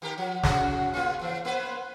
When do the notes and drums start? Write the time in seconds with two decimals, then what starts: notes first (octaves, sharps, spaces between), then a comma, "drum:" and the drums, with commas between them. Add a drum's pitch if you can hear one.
0.02 D#3 G4 A#4
0.18 F3
0.43 C#3 F#4 G#4, drum: snare
0.94 A#3 C#4 F4
1.21 E3
1.45 A#3 B4 C5